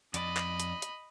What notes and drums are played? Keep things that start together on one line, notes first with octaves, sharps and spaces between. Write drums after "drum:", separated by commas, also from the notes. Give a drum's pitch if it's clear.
F2 D5 D#5 B5, drum: hi-hat
drum: clap
drum: hi-hat
drum: hi-hat